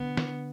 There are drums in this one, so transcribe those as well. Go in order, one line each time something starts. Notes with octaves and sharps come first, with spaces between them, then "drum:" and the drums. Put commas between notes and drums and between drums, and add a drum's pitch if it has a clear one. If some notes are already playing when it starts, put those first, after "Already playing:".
Already playing: D3 B3
drum: snare